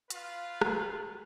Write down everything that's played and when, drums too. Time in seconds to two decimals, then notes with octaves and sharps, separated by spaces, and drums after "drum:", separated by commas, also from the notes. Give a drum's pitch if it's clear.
0.10 F4 B4 F5, drum: hi-hat
0.61 drum: rim click